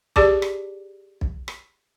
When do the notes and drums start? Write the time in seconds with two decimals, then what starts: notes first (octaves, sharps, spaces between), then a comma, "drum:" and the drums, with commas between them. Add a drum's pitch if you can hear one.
0.16 G4 G#4 D5 A5 D6, drum: kick
0.42 drum: rim click
1.21 drum: kick
1.48 drum: rim click